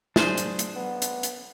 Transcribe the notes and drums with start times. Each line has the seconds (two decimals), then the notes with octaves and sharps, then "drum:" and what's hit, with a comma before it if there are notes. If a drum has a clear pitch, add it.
0.16 D4 G#4 C5, drum: snare
0.37 drum: hi-hat
0.59 drum: hi-hat
0.76 B3
1.02 drum: hi-hat
1.23 drum: hi-hat